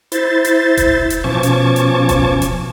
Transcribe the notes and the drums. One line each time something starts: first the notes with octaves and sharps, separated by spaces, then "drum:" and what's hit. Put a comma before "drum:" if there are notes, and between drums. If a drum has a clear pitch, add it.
E4 C5 A6, drum: hi-hat
drum: hi-hat
drum: kick E1, hi-hat
drum: hi-hat
B2 F3 C#4 A5 C#6 D6
drum: hi-hat
drum: hi-hat
drum: kick E1, hi-hat
drum: hi-hat